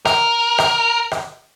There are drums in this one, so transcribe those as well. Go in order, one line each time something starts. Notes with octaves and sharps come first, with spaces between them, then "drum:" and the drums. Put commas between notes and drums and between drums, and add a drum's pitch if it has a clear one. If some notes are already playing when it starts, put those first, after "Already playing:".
A#4, drum: rim click
drum: rim click
drum: rim click